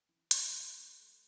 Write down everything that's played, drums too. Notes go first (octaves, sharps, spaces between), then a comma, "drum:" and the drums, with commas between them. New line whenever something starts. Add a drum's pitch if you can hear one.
E3
F#3, drum: hi-hat
A3
A3
A3